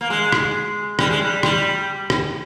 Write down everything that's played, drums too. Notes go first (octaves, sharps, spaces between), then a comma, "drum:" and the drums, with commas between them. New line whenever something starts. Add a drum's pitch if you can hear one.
A#3
G#3
drum: rim click
G3, drum: rim click
G#3
G3
G3, drum: rim click
drum: rim click